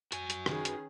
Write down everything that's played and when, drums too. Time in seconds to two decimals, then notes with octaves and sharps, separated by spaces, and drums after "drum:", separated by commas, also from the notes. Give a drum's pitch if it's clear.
0.12 F#4 G#5, drum: hi-hat
0.30 drum: hi-hat
0.46 D#3 C#4 G#4 B4, drum: rim click
0.65 drum: hi-hat